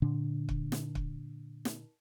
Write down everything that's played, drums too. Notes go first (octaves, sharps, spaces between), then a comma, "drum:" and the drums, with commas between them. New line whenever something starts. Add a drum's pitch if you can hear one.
A#2 D3 D4
drum: kick
drum: snare
drum: kick
drum: snare